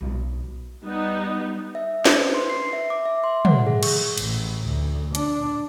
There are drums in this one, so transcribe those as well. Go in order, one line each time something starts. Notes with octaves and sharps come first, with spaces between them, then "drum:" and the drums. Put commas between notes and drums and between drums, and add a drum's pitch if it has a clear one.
B1
G3 B3 D#4
E5
C5, drum: snare
B4
C6
C7
E5
D6
E5
C6
F#5, drum: tom
G#4
C#6, drum: cymbal
A1, drum: cymbal
D2
D4, drum: hi-hat